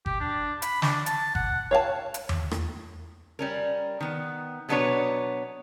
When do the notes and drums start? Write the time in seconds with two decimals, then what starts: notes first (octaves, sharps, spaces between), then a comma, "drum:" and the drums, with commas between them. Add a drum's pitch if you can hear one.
0.06 G4, drum: kick G1
0.21 D4
0.62 B5, drum: hi-hat
0.82 D4, drum: snare
1.06 A5, drum: hi-hat
1.35 F#5, drum: kick G1
1.71 C#5 F5 F#5 A5
2.14 drum: hi-hat
2.29 drum: tom E2
2.51 drum: rim click
3.39 G3 C#4 A#4
4.01 D#3 B3
4.69 B2 F#3 B3 D4 B4 C#5